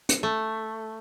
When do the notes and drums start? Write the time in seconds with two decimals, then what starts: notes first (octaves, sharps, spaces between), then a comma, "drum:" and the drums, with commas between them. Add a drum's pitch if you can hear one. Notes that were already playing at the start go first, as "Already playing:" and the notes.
0.09 drum: hi-hat
0.23 A3